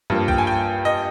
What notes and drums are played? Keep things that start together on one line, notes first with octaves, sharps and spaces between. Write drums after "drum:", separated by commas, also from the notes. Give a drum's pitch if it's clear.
G2 F3 A#3, drum: tom G#2
G5, drum: kick B1
G#5
G5
D#5